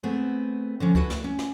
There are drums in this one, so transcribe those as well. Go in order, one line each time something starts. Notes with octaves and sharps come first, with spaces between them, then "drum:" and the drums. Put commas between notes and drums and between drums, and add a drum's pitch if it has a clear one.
A3 B3 C4 G#4
D3 F3 C#4
E4 F#4 A4 B4, drum: kick C#2
drum: snare
C#4
drum: snare